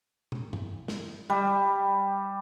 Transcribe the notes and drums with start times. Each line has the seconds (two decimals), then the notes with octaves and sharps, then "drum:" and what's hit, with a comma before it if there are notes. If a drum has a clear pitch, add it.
0.32 drum: tom
0.53 drum: tom
0.88 drum: snare
1.30 G3